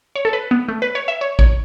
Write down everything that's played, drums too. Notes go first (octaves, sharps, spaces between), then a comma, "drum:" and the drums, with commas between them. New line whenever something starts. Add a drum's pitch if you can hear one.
C#5
A4
B4
B3
A3
B4
C#5
E5
C#5
C#5, drum: kick A1